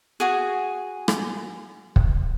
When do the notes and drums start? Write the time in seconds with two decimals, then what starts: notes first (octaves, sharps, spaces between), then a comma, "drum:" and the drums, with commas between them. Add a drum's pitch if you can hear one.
0.20 F#4 G#4
1.08 drum: rim click
1.96 drum: kick